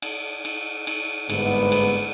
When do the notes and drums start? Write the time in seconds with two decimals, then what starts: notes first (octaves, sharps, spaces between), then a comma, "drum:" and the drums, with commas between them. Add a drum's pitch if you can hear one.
0.02 drum: cymbal
0.45 drum: cymbal
0.87 drum: cymbal
1.30 G1 G#2 D3 A#3 B3, drum: cymbal
1.72 drum: cymbal